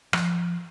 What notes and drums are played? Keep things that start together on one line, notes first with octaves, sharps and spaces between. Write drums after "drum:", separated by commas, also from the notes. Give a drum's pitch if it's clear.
F3, drum: rim click